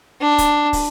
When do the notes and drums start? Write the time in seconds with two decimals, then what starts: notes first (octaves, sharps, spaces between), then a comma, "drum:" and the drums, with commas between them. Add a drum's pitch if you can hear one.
0.21 D4
0.38 drum: kick, hi-hat
0.73 drum: kick, open hi-hat